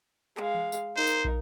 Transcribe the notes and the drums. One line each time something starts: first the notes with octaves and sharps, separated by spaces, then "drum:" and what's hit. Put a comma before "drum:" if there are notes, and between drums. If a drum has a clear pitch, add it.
G#3 F5, drum: clap
drum: tom E3
drum: tambourine
D#4 A#4 C5
drum: tambourine
drum: kick